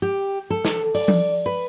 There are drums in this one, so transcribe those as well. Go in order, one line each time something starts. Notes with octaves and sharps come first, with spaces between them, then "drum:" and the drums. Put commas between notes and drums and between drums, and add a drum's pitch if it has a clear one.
G4
A4
drum: snare
D5, drum: open hi-hat
drum: tom F3
B4